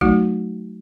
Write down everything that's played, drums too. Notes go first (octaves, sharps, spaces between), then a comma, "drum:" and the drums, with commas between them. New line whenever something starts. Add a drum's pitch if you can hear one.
F#3 A3 D#4 F#4, drum: kick A1